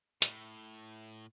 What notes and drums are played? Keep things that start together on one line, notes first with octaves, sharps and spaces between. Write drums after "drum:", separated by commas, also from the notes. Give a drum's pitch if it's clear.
A2, drum: hi-hat